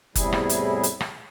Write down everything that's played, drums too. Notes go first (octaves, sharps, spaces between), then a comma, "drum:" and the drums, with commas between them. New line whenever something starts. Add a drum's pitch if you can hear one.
E2 A2 C3 G3 E4 G#4, drum: kick F#1, hi-hat
drum: rim click
drum: hi-hat
drum: hi-hat
drum: rim click